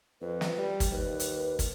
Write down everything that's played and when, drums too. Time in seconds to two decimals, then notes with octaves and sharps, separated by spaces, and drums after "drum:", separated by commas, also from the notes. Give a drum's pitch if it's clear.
0.21 F2 B4
0.41 drum: snare
0.58 G3
0.80 drum: kick, hi-hat
0.92 D#2 B4
1.20 drum: hi-hat
1.59 drum: kick, hi-hat